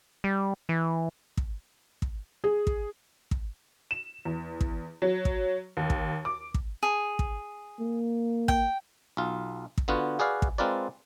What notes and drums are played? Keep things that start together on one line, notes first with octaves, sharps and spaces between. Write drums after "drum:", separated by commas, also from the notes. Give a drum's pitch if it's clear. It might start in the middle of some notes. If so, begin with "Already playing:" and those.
G3
E3
drum: kick
drum: kick
G#4
drum: kick
drum: kick
E7
E2
drum: kick
F#3
drum: kick
D#2
drum: kick
D6
drum: kick
G#4
drum: kick
A#3
G5, drum: kick
B1 F4
drum: kick
D3 B3 F4 F#4
F#4 G#4 B4 D5 F5
drum: kick
G#3 C4 F4 A#4 B4 D5